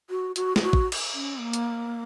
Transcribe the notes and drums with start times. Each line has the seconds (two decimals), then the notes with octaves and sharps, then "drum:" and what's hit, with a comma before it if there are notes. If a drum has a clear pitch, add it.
0.10 F#4
0.36 F#4, drum: hi-hat
0.56 G#4, drum: snare
0.62 F#4
0.73 drum: kick
0.92 drum: cymbal
1.14 C#4
1.40 A#3
1.53 drum: hi-hat